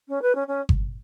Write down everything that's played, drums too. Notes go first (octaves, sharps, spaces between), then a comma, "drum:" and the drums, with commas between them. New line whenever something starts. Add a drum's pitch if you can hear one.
C#4
B4
C#4
C#4
drum: kick G1